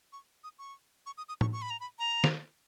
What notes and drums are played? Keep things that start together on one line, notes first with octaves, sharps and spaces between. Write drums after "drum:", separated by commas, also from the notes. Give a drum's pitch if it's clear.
C#6
D#6
C#6
C#6
D#6
D#6
C#6, drum: tom A2
C#6
B5
A#5
B5
A#5
drum: snare